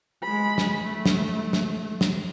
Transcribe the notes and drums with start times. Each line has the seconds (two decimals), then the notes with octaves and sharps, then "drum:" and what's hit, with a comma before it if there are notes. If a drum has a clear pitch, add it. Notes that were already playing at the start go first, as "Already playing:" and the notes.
0.23 G#3 B5
0.58 drum: snare
0.82 A3
1.06 drum: snare
1.53 drum: snare
2.01 drum: snare